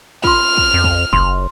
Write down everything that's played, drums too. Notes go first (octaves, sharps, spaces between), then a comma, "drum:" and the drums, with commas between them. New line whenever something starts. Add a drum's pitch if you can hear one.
F4 C6 F6, drum: kick
drum: kick
F2
drum: kick
F#1 C6, drum: kick